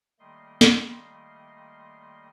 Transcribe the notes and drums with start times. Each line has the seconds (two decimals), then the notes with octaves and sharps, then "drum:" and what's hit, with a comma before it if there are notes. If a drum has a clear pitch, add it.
0.19 D#3 G3 A3 A#3 D#5 C6
0.61 drum: snare